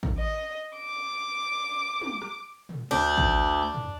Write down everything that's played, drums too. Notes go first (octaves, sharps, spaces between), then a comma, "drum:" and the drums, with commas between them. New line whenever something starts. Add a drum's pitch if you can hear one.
drum: kick A1
D#5
D6
drum: tom
drum: rim click
drum: tom
D2 D4 G6
drum: kick A1
drum: tom